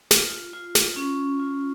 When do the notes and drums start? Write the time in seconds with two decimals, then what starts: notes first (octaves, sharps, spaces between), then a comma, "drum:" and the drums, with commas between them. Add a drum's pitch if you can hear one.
0.11 F4, drum: snare
0.53 F4
0.75 drum: snare
0.96 C#4
1.39 F4